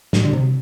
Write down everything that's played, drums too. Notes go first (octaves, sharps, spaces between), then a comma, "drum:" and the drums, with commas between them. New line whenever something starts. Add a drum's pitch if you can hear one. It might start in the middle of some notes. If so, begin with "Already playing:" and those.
A2, drum: snare
D3
C3